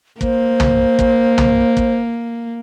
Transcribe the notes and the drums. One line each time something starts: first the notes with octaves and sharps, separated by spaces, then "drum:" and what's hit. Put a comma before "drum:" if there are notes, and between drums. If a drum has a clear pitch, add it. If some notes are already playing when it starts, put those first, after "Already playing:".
A#3 C5, drum: kick
drum: tom
drum: kick
drum: tom
drum: kick